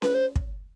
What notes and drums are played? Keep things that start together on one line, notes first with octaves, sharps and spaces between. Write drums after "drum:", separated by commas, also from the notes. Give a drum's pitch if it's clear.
B4, drum: snare C#4
C5
drum: kick